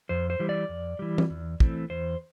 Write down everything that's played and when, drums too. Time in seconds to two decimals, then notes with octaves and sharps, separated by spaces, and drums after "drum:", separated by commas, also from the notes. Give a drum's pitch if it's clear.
0.09 F2 C5
0.30 C5
0.40 E3 G3
0.49 D5
0.69 F2
0.99 E3 G3
1.18 drum: tom E3
1.30 E2
1.60 E3 A3 C4, drum: kick
1.90 E2 C5